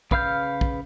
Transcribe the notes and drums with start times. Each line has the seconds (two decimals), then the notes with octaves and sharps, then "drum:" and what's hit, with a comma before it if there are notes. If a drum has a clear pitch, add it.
0.11 C#3 B4 F5 F6 G6, drum: kick
0.61 drum: kick